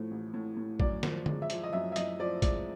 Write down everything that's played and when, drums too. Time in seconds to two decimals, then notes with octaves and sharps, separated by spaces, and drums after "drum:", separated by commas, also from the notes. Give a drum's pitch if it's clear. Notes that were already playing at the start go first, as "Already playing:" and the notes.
Already playing: A2 F3 A3
0.11 A1
0.34 A2
0.57 A2
0.80 F#2 D5, drum: kick A#1
1.03 F3, drum: snare D#3
1.26 G#3, drum: tom D3
1.42 E5
1.50 F3, drum: hi-hat
1.63 D#5
1.73 F#2 E5
1.92 E5
1.96 F#2 D#5, drum: hi-hat
2.20 F3 D5
2.42 G#3 D5, drum: kick A#1, hi-hat